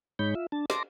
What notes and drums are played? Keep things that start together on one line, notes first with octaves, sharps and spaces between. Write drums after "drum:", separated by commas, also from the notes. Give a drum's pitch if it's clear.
G#2 G#3 D#4 C#5 B5 G6
F4 E5
D4 A5
A5 C6 D6 A#6, drum: snare